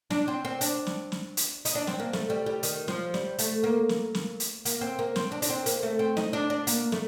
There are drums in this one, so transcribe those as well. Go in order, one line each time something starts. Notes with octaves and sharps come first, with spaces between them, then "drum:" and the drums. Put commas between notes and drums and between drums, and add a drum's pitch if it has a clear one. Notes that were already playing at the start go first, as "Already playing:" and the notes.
D4, drum: snare
C4
C4
D4, drum: hi-hat
drum: snare
drum: snare
drum: hi-hat
D#4, drum: hi-hat
D4
C4, drum: snare
A#3
A3, drum: snare
G3
G3
D#3, drum: hi-hat
F3, drum: snare
G3, drum: snare
A3, drum: hi-hat
A#3
drum: snare
drum: snare
drum: hi-hat
A#3, drum: hi-hat
C4
A#3
C4, drum: snare
D4
D4, drum: hi-hat
C4
A#3, drum: hi-hat
A3
C4
D#4, drum: snare
D4
D4
A#3, drum: hi-hat
A3, drum: snare